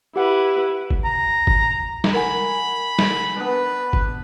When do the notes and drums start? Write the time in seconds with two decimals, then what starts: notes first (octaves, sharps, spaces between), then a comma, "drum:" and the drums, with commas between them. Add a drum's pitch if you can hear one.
0.16 E4 G4 B4 F#5
0.90 drum: kick F#1
1.05 A#5
1.47 drum: kick F#1
2.04 drum: snare
2.14 A#4 F#5 G#5 B5
2.99 drum: snare
3.36 B3 D4 B4
3.93 drum: kick F#1